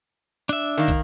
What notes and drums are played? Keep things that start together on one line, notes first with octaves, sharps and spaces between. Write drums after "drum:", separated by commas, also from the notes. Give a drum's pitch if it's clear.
D4 E5, drum: hi-hat
D#3 A#3
drum: kick, hi-hat